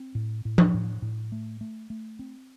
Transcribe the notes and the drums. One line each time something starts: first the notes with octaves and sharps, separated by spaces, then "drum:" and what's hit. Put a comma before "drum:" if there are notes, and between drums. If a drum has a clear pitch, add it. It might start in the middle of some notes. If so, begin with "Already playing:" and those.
Already playing: C4
A2
A2
drum: tom F3
A2
A2
A3
A3
A3
C4